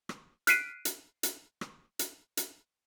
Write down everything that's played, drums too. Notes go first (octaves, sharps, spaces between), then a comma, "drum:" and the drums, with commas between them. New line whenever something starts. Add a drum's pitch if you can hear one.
drum: rim click
F6 F#6 B6 C7 D7 D#7, drum: hi-hat
drum: hi-hat
drum: hi-hat
drum: rim click
drum: hi-hat
drum: hi-hat